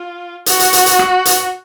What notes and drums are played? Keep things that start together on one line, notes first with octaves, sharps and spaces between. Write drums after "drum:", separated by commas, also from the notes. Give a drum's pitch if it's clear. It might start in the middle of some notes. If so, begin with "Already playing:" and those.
Already playing: F4
F#4, drum: hi-hat
drum: hi-hat
drum: hi-hat
drum: hi-hat
drum: rim click
drum: hi-hat